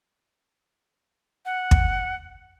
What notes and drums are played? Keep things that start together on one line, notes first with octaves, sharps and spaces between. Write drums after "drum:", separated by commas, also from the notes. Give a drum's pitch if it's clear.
F#5
drum: kick